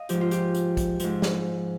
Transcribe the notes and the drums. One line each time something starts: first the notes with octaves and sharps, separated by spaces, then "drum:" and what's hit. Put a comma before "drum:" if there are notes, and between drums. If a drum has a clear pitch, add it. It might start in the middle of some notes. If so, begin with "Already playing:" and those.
Already playing: D#5 F5
G#2 F3 G4, drum: hi-hat
F4
G4, drum: hi-hat
drum: hi-hat
drum: kick, hi-hat
G#2 F3, drum: hi-hat
drum: snare